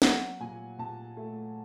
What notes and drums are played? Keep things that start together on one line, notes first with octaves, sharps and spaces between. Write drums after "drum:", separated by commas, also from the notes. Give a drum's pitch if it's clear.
F#3 F#5, drum: snare
A#2 G#5
A#2 A5
A3